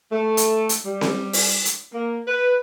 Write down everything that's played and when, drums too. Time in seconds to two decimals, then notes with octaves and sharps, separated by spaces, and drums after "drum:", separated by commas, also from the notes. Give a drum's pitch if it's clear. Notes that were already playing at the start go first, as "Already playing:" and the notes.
0.12 A3
0.37 drum: hi-hat
0.69 drum: hi-hat
0.85 G3
1.01 drum: snare C4
1.33 drum: open hi-hat
1.65 drum: hi-hat
1.93 A#3
2.26 B4